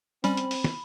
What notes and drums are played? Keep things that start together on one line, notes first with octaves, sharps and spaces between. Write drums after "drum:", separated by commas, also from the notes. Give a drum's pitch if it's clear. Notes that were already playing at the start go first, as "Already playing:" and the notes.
G3 C4 C#4 B5, drum: hi-hat
drum: hi-hat
drum: open hi-hat
drum: snare